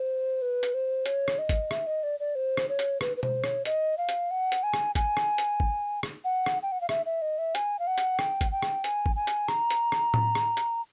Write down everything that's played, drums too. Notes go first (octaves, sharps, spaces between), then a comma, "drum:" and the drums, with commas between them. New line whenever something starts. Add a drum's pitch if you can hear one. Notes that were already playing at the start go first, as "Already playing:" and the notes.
Already playing: C5
B4
drum: hi-hat
C5
C#5, drum: hi-hat
drum: rim click
D#5
drum: kick, hi-hat
E5, drum: rim click
D#5
D5
D5
C5
drum: rim click
C#5
drum: hi-hat
B4, drum: rim click
B4
C5, drum: tom B2
C#5, drum: rim click
D#5, drum: hi-hat
F5
drum: hi-hat
F#5
drum: hi-hat
G#5
drum: rim click
G#5, drum: kick, hi-hat
drum: rim click
drum: hi-hat
drum: kick
drum: rim click
F#5
drum: rim click
G5
F#5
F5
E5, drum: rim click
E5
D#5
E5
G#5, drum: hi-hat
F5
F#5
drum: hi-hat
G5, drum: rim click
drum: kick, hi-hat
G5
drum: rim click
G#5, drum: hi-hat
drum: kick
G#5
drum: hi-hat
A#5, drum: rim click
drum: hi-hat
drum: rim click
drum: tom A2
drum: rim click
drum: hi-hat